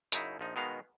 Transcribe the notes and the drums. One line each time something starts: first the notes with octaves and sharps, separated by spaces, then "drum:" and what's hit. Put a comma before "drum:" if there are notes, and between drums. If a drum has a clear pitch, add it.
F#2 C#3 D#4 E4, drum: hi-hat
A#1 F3 D#4
B2 D#3 G#3 B3 F5 A#5